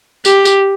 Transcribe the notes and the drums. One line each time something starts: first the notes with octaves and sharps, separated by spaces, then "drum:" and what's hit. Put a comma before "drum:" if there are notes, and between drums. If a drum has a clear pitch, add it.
G4, drum: tambourine
drum: tambourine